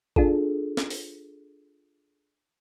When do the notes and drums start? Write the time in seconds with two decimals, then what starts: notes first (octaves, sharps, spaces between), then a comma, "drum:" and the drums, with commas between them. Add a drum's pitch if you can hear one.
0.16 D4 F4 G#4 A4, drum: kick G#1
0.77 drum: snare
0.90 drum: open hi-hat